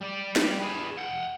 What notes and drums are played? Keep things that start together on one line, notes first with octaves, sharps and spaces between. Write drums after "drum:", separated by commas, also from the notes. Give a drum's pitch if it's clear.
G3 D5
drum: snare
G#4 B4
F#5 G5